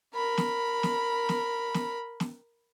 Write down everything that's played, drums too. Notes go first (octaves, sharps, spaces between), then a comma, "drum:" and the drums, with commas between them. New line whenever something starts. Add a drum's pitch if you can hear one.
A#4 B5
drum: snare
drum: snare
drum: snare
drum: snare
drum: snare